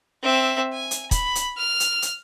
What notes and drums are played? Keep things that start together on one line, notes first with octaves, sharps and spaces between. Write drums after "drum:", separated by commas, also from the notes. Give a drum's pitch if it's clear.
C4 E5
G#5
drum: hi-hat
B5, drum: kick, hi-hat
drum: hi-hat
F6
drum: hi-hat
drum: hi-hat